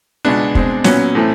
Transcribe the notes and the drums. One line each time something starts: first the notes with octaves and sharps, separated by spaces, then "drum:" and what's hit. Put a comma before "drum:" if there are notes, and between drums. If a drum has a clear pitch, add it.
C#2 B2 G#3 B3 D4
B2 G#3 C4, drum: kick
A#2 F#3 B3 C#4, drum: snare
A2 E3 A3 C4